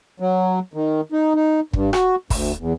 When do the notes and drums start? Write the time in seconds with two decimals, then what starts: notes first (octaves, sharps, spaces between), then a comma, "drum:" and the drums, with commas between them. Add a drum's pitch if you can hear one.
0.20 F#3
0.74 D#3
1.12 D#4
1.35 D#4
1.73 G2, drum: kick
1.93 F#4, drum: rim click
2.30 D2, drum: kick, open hi-hat
2.58 E2